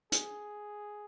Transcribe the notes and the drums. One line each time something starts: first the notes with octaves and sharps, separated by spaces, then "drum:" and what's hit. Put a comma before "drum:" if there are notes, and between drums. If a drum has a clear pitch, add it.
G#4, drum: hi-hat